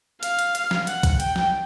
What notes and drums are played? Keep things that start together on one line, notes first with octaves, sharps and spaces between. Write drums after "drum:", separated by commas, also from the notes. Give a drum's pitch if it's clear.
F5, drum: hi-hat
drum: hi-hat
drum: hi-hat
drum: snare
F#5, drum: hi-hat
drum: kick B1, hi-hat
G5, drum: hi-hat
drum: snare